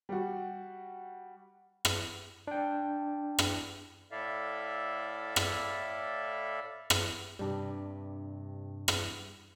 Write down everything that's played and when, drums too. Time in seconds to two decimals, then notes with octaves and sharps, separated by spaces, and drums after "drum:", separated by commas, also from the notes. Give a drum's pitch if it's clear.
0.09 G3 F#4
1.85 drum: rim click
2.47 D4 G5
3.39 drum: rim click
4.12 A2 E4 A4 D5 E5 F5
5.36 drum: rim click
6.90 drum: rim click
7.39 G2 C3 G3 D4
8.88 drum: rim click